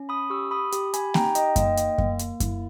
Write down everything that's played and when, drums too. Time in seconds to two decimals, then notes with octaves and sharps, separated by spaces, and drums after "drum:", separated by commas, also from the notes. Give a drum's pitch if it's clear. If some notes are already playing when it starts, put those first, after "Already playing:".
Already playing: C#4
0.09 B5 D#6
0.30 G4 C#6 E6
0.51 B5 D#6
0.72 G4, drum: hi-hat
0.94 G#5 B5, drum: hi-hat
1.14 D#4 G5 A#5, drum: snare A#3
1.35 D#5 G5, drum: hi-hat
1.56 A#3 D#5 G5, drum: kick F#2, hi-hat
1.77 drum: hi-hat
1.98 A#3, drum: kick F#2
2.19 drum: hi-hat
2.40 E4, drum: kick F#2, hi-hat